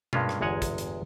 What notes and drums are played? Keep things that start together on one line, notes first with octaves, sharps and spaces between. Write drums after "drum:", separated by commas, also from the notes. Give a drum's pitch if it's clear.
G2 G#3 A#3 C#4 F4, drum: tom B2
drum: rim click
G1 E2 G#3 C#5 F#5 G#5
drum: kick, hi-hat
drum: hi-hat